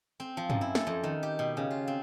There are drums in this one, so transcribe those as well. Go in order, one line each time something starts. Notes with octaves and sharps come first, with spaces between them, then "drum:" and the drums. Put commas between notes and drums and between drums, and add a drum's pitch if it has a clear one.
C4
F3
F#2, drum: tom
E4
A4, drum: snare
F2
D#3
G4
B2
C#3
F4
C4